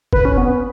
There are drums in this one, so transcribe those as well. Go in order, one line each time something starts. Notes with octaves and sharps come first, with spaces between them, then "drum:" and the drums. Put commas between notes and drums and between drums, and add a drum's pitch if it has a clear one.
B4, drum: kick F#1
C#4
B3